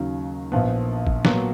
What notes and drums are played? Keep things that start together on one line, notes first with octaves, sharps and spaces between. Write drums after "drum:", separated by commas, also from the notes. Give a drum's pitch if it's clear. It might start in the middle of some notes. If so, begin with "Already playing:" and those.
Already playing: D#2 C#3 F#3
A#1 A#2 F3 B3
drum: kick A1
A#2 F#3 B3 F#4, drum: snare